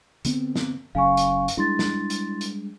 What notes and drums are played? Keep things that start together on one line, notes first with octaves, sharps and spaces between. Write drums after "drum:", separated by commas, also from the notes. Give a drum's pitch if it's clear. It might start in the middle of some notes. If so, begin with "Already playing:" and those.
D3 B3 C4, drum: hi-hat
drum: snare
F#1 F#2 C#3 F5 G#5 C#6
drum: hi-hat
drum: hi-hat
G3 G#3 D4 E4 C6 A6
drum: snare
drum: hi-hat
drum: hi-hat